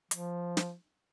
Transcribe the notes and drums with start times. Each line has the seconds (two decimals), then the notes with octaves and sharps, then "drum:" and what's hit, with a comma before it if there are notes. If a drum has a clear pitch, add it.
0.11 F3, drum: hi-hat
0.57 drum: snare